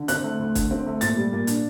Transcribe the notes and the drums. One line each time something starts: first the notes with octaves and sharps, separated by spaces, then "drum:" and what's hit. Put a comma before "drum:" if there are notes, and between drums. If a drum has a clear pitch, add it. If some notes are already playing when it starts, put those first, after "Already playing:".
Already playing: D3
C4 F#6, drum: hi-hat
A3
D2
D3, drum: kick, hi-hat
C4
A3
A#2 A6, drum: hi-hat
G3
A#2
D4, drum: hi-hat